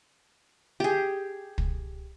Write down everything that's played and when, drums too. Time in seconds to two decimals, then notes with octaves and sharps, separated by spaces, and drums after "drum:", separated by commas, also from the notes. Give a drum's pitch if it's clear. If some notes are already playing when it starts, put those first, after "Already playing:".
0.80 G4 G#4
1.58 drum: kick